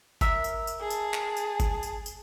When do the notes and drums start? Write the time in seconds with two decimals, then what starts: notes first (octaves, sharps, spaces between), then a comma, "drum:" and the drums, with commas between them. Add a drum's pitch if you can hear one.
0.21 A#4 E5, drum: kick G1, tambourine
0.44 drum: tambourine
0.67 drum: tambourine
0.80 G#4 A5
0.90 drum: tambourine
1.14 drum: clap
1.37 drum: tambourine
1.60 drum: kick G1, tambourine
1.83 drum: tambourine
2.06 drum: tambourine